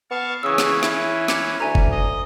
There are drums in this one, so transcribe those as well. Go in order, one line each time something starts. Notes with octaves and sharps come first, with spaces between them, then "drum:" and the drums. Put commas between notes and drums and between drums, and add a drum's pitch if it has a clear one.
B3 F5 A5 C#6
C#3 E3 C#4 C#6 D#6 E6
drum: snare
E4, drum: snare
D6 C#7, drum: snare
D2 E5 G#5 A#5
drum: kick F#1
D#5